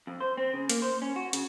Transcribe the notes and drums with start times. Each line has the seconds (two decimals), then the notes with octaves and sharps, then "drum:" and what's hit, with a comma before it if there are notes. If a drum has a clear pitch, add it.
0.07 F2
0.20 C5
0.37 C4
0.53 C#3
0.69 A#3, drum: hi-hat
0.82 C5
1.02 C#4
1.16 F#4
1.33 C#3, drum: hi-hat